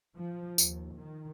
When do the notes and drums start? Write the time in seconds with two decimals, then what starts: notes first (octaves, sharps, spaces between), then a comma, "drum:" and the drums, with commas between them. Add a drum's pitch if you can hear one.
0.17 F3
0.58 D#2, drum: tambourine
0.95 D#3